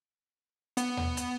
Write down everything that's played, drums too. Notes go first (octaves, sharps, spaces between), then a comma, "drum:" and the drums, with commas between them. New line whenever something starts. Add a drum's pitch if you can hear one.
B3, drum: hi-hat
drum: tom D#2
drum: hi-hat